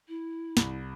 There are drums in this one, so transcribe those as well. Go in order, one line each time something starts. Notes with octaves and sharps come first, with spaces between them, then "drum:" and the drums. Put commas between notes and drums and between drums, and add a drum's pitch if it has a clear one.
E4
C2, drum: snare